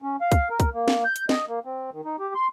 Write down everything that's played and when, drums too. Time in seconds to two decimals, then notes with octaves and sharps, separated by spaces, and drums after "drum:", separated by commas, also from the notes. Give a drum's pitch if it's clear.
0.02 C#4
0.21 F5
0.32 drum: kick, hi-hat
0.50 A#4
0.60 drum: kick, hi-hat
0.74 A#3
0.88 drum: snare
1.05 G6
1.16 drum: hi-hat
1.29 D#5, drum: snare
1.48 A#3
1.65 C4
1.93 D#3
2.05 D#4
2.19 G4
2.35 C6